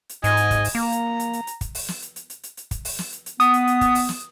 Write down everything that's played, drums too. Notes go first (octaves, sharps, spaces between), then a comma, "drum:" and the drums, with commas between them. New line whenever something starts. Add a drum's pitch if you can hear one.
drum: hi-hat
G#2 D#5 G#5, drum: hi-hat
drum: hi-hat
drum: kick, hi-hat
drum: open hi-hat
A#3 A#5
drum: hi-hat
drum: hi-hat
drum: hi-hat
drum: hi-hat
drum: kick, hi-hat
drum: open hi-hat
drum: snare
drum: hi-hat
drum: hi-hat
drum: hi-hat
drum: hi-hat
drum: hi-hat
drum: kick, hi-hat
drum: open hi-hat
drum: snare
drum: hi-hat
drum: hi-hat
B3 D#6, drum: hi-hat
drum: hi-hat
drum: hi-hat
drum: kick, hi-hat
drum: open hi-hat
drum: snare